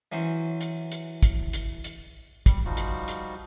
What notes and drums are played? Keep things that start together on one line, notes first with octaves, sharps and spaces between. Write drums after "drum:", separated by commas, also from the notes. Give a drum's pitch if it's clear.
E3 F#3 C#4 F#4 C5
drum: hi-hat
drum: hi-hat
drum: kick, hi-hat
drum: hi-hat
drum: hi-hat
G3, drum: kick, hi-hat
F3 G3 D#4 F4 F#4
drum: hi-hat
drum: hi-hat